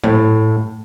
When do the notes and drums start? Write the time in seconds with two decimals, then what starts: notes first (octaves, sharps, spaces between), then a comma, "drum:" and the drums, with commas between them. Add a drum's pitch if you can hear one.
0.04 A2, drum: tom G#2